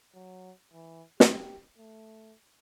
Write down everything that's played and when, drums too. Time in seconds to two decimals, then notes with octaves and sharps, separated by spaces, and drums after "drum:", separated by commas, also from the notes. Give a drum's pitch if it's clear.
0.15 F#3
0.73 E3
1.20 G4, drum: snare
1.78 A3